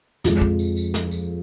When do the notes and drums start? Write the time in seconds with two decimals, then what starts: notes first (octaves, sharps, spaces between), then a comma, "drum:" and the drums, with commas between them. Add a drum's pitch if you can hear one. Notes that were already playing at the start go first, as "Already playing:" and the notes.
0.24 F2 F3 G#3, drum: snare
0.42 drum: kick
0.59 drum: tambourine
0.76 drum: tambourine
0.94 drum: snare
1.11 drum: tambourine